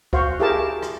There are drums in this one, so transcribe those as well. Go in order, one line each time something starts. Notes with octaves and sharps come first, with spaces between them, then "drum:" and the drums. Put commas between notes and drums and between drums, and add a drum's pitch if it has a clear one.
F#4 C5 F5 C6 C#6, drum: kick D2
E4 G4 G#4 A#4 F5 A5
drum: rim click